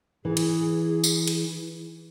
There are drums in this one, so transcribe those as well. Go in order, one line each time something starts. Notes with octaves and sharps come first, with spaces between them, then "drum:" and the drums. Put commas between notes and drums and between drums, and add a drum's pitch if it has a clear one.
E3 G#4
drum: hi-hat
drum: tambourine
drum: hi-hat